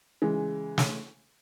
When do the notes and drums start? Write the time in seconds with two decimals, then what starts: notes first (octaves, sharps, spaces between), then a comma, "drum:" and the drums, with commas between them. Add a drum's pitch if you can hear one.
0.22 C#3 E3 G#3
0.78 drum: snare